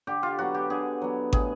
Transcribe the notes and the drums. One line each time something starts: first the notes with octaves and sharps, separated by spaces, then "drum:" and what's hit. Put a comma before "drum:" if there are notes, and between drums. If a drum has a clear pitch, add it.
D3 G4
F4
F#3 B3 F#4
G4
D3 G#4
F#3 B3
A2 G#4, drum: kick